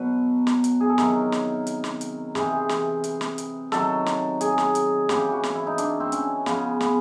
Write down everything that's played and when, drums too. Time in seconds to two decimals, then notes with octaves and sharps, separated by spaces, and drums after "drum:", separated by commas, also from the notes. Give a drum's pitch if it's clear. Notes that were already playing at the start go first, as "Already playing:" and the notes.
Already playing: B2 F#3 B4
0.47 drum: snare
0.64 drum: hi-hat
0.80 G#4
0.89 A4
0.98 C3 D#3 F#3 A#4, drum: snare
1.32 drum: snare
1.67 drum: hi-hat
1.84 drum: snare
2.01 drum: hi-hat
2.35 C3 E3 G#4, drum: snare
2.69 drum: snare
3.04 drum: hi-hat
3.21 drum: snare
3.38 drum: hi-hat
3.72 C3 D#3 F#3 A4, drum: snare
4.06 drum: snare
4.41 G#4, drum: hi-hat
4.58 drum: snare
4.75 drum: hi-hat
5.09 C#3 E3 G4, drum: snare
5.32 F#4
5.43 drum: snare
5.55 E4
5.67 D#4
5.78 D4, drum: hi-hat
6.00 C4
6.12 C#4, drum: hi-hat
6.46 C#3 F3 B3, drum: snare
6.81 B3, drum: snare